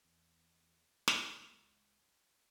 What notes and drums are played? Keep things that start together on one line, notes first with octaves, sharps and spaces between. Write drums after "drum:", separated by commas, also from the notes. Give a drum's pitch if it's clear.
E2
C#2, drum: snare